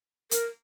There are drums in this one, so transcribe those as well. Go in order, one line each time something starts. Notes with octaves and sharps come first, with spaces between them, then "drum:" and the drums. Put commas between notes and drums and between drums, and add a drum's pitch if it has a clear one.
A#4, drum: hi-hat